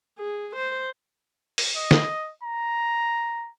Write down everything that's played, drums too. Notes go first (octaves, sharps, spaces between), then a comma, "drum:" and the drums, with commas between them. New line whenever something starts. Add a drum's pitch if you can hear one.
G#4
C5
drum: open hi-hat
D#5
drum: snare
A#5